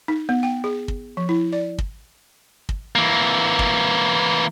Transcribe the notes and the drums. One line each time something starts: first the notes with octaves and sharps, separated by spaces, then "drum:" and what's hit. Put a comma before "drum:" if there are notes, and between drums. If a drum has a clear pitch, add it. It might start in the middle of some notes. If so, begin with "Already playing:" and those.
D#4
B3
G5
G#4
drum: kick
F3
E4
D5
drum: kick
drum: kick
E3 A#3
drum: kick